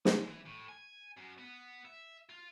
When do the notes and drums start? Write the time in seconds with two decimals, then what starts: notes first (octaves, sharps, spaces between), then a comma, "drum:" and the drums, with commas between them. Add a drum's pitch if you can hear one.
0.05 G#3, drum: snare
0.27 E3
0.46 A2
0.69 G#5
1.17 F#2
1.38 B3
1.85 E5
2.30 F4